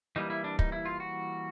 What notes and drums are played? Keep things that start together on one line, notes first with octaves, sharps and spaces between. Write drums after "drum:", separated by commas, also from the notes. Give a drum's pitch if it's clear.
E3 G3 A#3 D#4
E4
D4
D#4, drum: kick
E4
F4
F#4